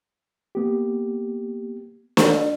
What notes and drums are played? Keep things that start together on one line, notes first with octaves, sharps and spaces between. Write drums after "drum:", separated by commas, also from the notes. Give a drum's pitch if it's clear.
A#3 B3 G4
drum: snare